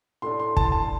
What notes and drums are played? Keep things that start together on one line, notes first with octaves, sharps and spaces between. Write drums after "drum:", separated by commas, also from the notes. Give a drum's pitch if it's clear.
A2 A3 D4 C6
C6
A5, drum: kick
C6
A5